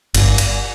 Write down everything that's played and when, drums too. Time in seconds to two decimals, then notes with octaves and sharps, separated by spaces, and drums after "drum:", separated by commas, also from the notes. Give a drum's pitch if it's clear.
0.14 G1, drum: cymbal
0.38 drum: cymbal